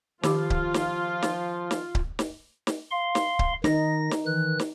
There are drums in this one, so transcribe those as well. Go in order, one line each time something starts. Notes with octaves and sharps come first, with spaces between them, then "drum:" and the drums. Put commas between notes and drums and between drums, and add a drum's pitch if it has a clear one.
D#3 F3 F4 G4 D6, drum: snare
drum: kick C#1
drum: snare
drum: snare
drum: snare
drum: kick C#1
drum: snare
drum: snare
F5 C6
drum: snare
drum: kick C#1
D#3 D#4 A#6, drum: snare
drum: snare
D#3 E3 F#6
drum: snare